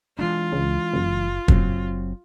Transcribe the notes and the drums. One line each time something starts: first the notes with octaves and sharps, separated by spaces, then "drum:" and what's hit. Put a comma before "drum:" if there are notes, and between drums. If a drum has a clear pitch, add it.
E3 G#3 D4 F4
C#2
F#1
F#1 F#3 C4, drum: kick